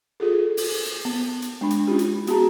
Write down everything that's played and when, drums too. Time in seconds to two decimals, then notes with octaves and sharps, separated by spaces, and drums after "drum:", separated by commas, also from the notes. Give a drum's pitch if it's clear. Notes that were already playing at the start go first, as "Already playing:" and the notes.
0.20 F4 G#4 A4
0.57 drum: open hi-hat
0.85 drum: hi-hat
1.05 B3
1.42 drum: hi-hat
1.61 G#3 D4 B5
1.70 drum: hi-hat
1.88 C#4 E4 F4 G4
1.99 drum: hi-hat
2.27 B3 F#4 G#4 A5 A#5, drum: hi-hat